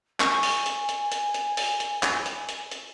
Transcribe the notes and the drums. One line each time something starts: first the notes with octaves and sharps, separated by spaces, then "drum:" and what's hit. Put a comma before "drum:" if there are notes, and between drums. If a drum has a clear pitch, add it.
G#5 C#6, drum: clap
drum: open hi-hat
drum: hi-hat
drum: hi-hat
drum: hi-hat
drum: hi-hat
drum: open hi-hat
drum: hi-hat
drum: clap
drum: hi-hat
drum: hi-hat
drum: hi-hat